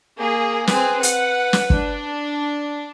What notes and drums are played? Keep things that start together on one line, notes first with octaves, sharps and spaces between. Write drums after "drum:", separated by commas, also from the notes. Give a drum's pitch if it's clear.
A#3 G#4
C4 G#4 B4, drum: snare
F#5, drum: hi-hat
drum: snare
D4, drum: kick